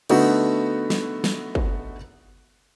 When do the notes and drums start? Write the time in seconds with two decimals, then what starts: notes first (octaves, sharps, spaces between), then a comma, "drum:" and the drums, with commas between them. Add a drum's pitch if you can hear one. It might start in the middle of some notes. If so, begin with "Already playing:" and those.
0.09 D3 A3 B3 D#4 F#4, drum: cymbal
0.90 drum: snare
1.24 drum: snare
1.55 drum: kick